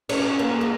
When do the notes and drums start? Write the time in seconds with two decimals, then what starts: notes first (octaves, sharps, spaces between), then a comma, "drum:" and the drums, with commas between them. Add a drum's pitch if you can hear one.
0.09 C#4, drum: cymbal
0.39 A#3
0.61 A#3